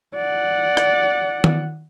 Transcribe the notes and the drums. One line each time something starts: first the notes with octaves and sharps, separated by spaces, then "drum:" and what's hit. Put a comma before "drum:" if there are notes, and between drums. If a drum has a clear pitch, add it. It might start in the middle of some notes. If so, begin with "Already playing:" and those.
D5 F#5
drum: rim click
drum: tom D#3